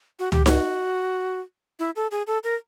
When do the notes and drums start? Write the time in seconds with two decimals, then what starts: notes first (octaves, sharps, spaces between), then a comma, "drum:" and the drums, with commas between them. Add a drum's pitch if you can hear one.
0.19 F#4
0.32 G4, drum: tom C#2
0.46 F#4, drum: snare D#4
1.79 E4
1.96 A4
2.11 G#4
2.27 A4
2.44 A#4